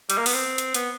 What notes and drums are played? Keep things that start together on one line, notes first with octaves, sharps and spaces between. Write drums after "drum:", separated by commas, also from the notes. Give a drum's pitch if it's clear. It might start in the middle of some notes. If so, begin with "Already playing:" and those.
G3, drum: hi-hat
A#3
B3, drum: open hi-hat
C4
drum: hi-hat
B3, drum: hi-hat